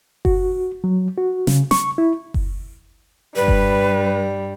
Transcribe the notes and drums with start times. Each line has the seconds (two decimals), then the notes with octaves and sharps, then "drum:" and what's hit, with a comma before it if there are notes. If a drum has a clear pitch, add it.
0.25 F#4, drum: kick F#1
0.84 F#3
1.18 F#4
1.47 C#3, drum: snare
1.71 C#6, drum: snare
1.98 E4
2.34 drum: kick F#1
3.36 G2 G3 B4
3.48 drum: kick F#1